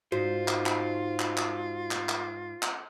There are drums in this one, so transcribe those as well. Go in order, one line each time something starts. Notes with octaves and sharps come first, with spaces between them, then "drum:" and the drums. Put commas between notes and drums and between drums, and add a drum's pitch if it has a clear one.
G#2 F4 F#4 C5
drum: clap
drum: clap
drum: clap
drum: clap
drum: clap
drum: clap
drum: clap